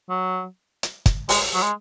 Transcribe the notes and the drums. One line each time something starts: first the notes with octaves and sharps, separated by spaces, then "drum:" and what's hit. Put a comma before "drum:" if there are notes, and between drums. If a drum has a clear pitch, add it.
F#3
drum: hi-hat
drum: kick, hi-hat
G#3, drum: open hi-hat
F#3
G#3